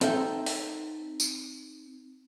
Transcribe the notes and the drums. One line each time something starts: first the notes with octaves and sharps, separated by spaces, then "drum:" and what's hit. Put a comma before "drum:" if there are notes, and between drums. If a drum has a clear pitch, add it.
C4 D#4 A4 E5 G5, drum: hi-hat
drum: open hi-hat
drum: tambourine